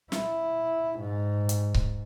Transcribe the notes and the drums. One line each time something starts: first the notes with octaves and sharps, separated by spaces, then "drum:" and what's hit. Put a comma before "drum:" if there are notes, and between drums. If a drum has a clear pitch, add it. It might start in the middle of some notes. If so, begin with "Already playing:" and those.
E4, drum: snare
G#2
drum: hi-hat
drum: kick C#1